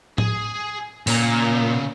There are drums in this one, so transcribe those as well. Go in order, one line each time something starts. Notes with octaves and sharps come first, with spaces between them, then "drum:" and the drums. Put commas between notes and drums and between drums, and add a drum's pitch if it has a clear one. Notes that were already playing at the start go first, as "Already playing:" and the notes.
G#4, drum: tom A2
A#2 C#3 A#5, drum: open hi-hat